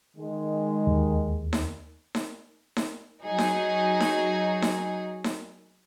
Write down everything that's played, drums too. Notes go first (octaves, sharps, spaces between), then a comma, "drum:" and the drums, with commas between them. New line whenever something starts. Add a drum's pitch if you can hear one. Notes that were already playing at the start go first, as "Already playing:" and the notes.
D#3 G#3
D#2
drum: snare D#4
drum: snare D#4
drum: snare D#4
F#3 D#4 G#4
drum: snare D#4
drum: snare D#4
drum: snare D#4
drum: snare D#4